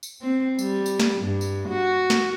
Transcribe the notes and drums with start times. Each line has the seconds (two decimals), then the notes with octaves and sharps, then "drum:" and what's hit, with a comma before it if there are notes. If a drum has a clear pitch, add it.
0.03 drum: tambourine
0.22 C4
0.59 G3, drum: tambourine
0.86 drum: tambourine
1.00 drum: snare
1.21 G2
1.41 drum: tambourine
1.69 F#4
2.10 drum: snare